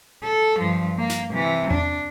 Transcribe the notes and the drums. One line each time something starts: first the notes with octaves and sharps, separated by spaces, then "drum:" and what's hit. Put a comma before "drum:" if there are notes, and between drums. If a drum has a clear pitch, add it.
A4
G2 F3
A#3
drum: snare
C3 E3
D4, drum: tom E2